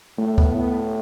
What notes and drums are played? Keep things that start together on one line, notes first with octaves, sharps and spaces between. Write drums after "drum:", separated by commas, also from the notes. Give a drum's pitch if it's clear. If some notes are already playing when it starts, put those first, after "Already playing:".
A2 A3
B3, drum: kick D2
A2